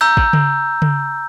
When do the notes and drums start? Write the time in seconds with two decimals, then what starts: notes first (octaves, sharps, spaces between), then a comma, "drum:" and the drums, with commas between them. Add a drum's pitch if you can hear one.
0.01 A#5 E6 G6
0.17 drum: kick
0.33 drum: tom C#3
0.82 drum: tom C#3